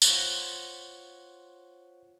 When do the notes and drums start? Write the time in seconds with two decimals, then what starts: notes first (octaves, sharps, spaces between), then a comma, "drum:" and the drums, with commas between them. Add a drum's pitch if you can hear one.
0.02 F4 C5 C#5 F#5, drum: tambourine